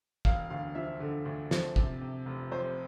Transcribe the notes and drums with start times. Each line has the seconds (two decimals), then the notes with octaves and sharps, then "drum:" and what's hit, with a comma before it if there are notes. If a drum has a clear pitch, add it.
0.25 E1 F5, drum: kick
0.50 D2 F5
0.75 F3 E5
1.00 D3
1.25 D2
1.51 F3, drum: snare
1.76 C3, drum: kick
2.01 C3
2.26 F1
2.52 F2 C5